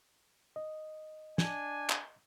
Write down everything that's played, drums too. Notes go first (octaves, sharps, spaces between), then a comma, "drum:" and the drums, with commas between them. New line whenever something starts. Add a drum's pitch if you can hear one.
D#5
D4 G#5, drum: snare
drum: clap